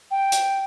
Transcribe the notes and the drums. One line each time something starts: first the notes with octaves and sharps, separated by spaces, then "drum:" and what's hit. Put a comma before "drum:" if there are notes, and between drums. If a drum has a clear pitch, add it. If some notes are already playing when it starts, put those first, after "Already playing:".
G5
drum: hi-hat